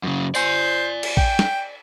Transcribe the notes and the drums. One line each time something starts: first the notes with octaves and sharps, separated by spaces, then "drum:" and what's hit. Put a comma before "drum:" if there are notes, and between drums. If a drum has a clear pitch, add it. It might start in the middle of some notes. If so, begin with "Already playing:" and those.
F#2 C#3
C5 D5 G#5, drum: tambourine
drum: cymbal
G5, drum: kick A1
drum: snare